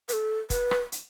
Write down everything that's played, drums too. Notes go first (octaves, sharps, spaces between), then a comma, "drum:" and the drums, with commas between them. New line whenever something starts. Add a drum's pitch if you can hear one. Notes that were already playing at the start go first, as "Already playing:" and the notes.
B4, drum: hi-hat
A4
B4, drum: kick, hi-hat
drum: rim click
drum: hi-hat